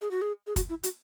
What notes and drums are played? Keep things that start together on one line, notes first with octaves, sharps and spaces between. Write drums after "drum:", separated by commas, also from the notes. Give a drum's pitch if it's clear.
G#4
F#4
G#4
G#4
F#4, drum: kick, hi-hat
E4
F#4, drum: hi-hat